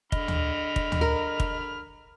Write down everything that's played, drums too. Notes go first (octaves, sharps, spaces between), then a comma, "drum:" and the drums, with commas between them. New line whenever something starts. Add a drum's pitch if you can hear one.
D3 D#5 B5 F6, drum: kick
drum: tom
drum: kick
drum: tom
A#4
drum: kick